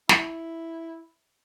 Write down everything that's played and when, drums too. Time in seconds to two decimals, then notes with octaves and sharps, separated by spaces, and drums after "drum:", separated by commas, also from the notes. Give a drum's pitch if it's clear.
0.09 E4, drum: snare